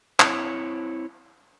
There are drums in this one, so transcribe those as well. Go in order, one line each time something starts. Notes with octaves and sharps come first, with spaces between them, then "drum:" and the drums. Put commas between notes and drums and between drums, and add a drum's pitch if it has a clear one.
C4 E4 C#5, drum: clap